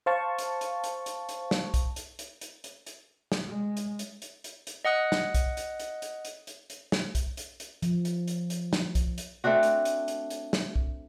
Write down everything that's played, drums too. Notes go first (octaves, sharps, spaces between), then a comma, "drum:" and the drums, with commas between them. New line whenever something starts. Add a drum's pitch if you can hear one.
C5 F5 A5 C#6
drum: hi-hat
drum: hi-hat
drum: hi-hat
drum: hi-hat
drum: hi-hat
drum: snare
drum: kick, hi-hat
drum: hi-hat
drum: hi-hat
drum: hi-hat
drum: hi-hat
drum: hi-hat
drum: snare
G#3
drum: hi-hat
drum: hi-hat
drum: hi-hat
drum: hi-hat
drum: hi-hat
D#5 F#5 D#6 F#6
drum: snare
drum: kick, hi-hat
drum: hi-hat
drum: hi-hat
drum: hi-hat
drum: hi-hat
drum: hi-hat
drum: hi-hat
drum: snare
drum: kick, hi-hat
drum: hi-hat
drum: hi-hat
F3, drum: hi-hat
drum: hi-hat
drum: hi-hat
drum: hi-hat
drum: snare
drum: kick, hi-hat
drum: hi-hat
A3 C4 D4 F#4
drum: hi-hat
drum: hi-hat
drum: hi-hat
drum: hi-hat
drum: snare
drum: kick